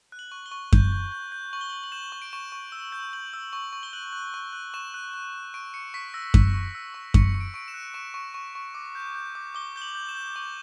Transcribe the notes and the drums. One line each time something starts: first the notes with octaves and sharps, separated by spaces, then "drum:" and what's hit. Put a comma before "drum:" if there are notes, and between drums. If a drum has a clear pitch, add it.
F#6
F#7
C#6
G7
C#6
G6, drum: kick F#2
G6
G6
G6
C#6 F#7
G7
C#6 F#7
F#7
G6 E7
C#6
D7
C#6 E7
C#6
E6
G6
G6 F#7
E6
C#6 F#7
C#6
G7
F#6 F#7
F#6
C#6
F#6
C#6 E7
F#6
F#6
F#6
C#6 D7
C#6 C#7
C#6 B6
E6 A#6
C#6 B6, drum: kick F#2
C#6
E6
C#6
C#6 C#7, drum: kick F#2
C#6
D7
C#6 D7
E7
F#6
C#6 E7
C#6
C#6
C#6
D6
G6
G6
D6
D6 G7
G6 G7
F#7
G6
E7
G6
C#6 F#7